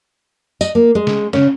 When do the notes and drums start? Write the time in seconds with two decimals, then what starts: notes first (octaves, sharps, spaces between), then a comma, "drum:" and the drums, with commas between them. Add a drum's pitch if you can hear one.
0.61 D#5, drum: tambourine
0.75 A#3
0.95 G#3
1.07 drum: snare
1.33 C#3, drum: snare